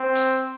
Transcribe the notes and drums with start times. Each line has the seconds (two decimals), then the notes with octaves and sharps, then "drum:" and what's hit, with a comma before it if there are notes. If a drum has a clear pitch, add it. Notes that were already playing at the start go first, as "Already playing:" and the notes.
Already playing: C4
0.15 drum: hi-hat